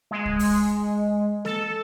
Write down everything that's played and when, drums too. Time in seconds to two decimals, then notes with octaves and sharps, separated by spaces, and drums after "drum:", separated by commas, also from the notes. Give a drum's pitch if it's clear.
0.11 G#3
0.25 drum: kick C2
0.39 drum: open hi-hat
1.45 A4, drum: snare A#3